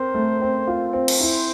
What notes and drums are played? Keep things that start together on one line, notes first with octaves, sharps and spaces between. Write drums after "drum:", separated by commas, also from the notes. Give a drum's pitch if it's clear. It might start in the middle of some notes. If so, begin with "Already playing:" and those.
Already playing: C4 A#4 C5
A3
C4
F4
C4
drum: cymbal
E4 C5